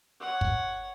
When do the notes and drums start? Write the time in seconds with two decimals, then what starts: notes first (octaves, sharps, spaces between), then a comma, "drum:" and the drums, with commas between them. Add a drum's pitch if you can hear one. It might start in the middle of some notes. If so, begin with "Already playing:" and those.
0.20 C#5 F#5
0.41 drum: kick